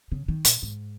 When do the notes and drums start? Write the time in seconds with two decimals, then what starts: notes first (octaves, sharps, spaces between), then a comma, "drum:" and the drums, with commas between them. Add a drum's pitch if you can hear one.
0.12 C#3
0.28 D#3
0.45 A#2, drum: hi-hat
0.62 G#2